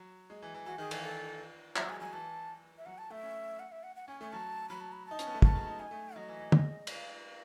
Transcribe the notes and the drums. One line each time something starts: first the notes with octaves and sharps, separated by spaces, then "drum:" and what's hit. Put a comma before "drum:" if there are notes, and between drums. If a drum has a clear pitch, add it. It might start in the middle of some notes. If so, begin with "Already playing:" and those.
Already playing: F#3
G#3
E3
E3
E3 F#4
D#3 G#4
E3 A4, drum: cymbal
A4
F#3 E5, drum: clap
G#3 G#5
F#3 G#5
E3 A5
E5
F#3 F#5
A5
A3 E5
C#4
F#5
E5
F#5
F#5
C#4 G#5
A3 G#5
F#3 A5
F#3 B5
A5
B5
D#4 A5
C#4, drum: hi-hat
B3
A3
G#3 A5, drum: kick
F#3
D#4
D#4 G#5
A3
F#3 D#5
E3
E3
G#3, drum: tom
drum: cymbal